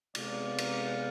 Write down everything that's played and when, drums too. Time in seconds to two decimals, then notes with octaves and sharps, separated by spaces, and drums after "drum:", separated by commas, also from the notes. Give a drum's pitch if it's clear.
0.15 C3 G#3 B3 D5 F5, drum: cymbal
0.58 drum: cymbal